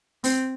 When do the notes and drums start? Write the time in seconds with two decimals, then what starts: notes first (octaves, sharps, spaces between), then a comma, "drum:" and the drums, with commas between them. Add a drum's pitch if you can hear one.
0.24 C4, drum: open hi-hat